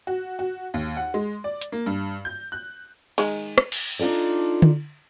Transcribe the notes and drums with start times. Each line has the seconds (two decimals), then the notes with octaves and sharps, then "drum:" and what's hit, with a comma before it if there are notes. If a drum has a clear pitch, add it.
0.07 F#4
0.39 F#4
0.74 D#2
0.97 F#5
1.14 G#3
1.44 D5
1.61 drum: hi-hat
1.72 A#3
1.86 G2
2.25 G6
2.52 F#6
3.18 D#3 G#3, drum: cymbal
3.58 drum: rim click
3.72 drum: cymbal
3.99 D4 D#4 F4 A4 D5
4.62 drum: tom D3